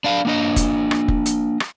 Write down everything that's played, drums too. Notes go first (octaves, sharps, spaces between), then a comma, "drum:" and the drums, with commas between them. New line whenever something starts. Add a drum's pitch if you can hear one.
D4 F5
A#3 D4 D#5
drum: kick F1, hi-hat
drum: rim click
drum: kick F1
drum: hi-hat
drum: rim click